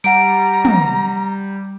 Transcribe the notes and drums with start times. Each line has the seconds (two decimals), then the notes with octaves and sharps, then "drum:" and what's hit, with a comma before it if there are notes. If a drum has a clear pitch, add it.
0.04 G3 F#5 A#5 D7, drum: hi-hat
0.65 drum: tom